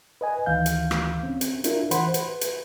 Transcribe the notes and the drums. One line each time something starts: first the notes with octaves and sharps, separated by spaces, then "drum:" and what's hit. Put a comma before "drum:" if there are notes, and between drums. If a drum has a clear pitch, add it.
B4 D#5 G#5
D2 D#3 E3 F5 G6
drum: hi-hat
drum: rim click
C4 C#4
drum: hi-hat
D4 E4 F4 A#4, drum: hi-hat
E3 C5 F#5 B5 C6, drum: hi-hat
B4, drum: hi-hat
drum: hi-hat